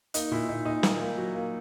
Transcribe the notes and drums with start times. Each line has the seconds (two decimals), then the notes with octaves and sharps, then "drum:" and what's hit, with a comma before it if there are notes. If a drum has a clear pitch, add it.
0.14 A#3 D#4, drum: hi-hat
0.31 A#2 E4
0.49 A#2 D#4
0.65 A#2 D#4
0.83 A#3, drum: snare
1.01 A#3
1.18 F#3
1.35 A#3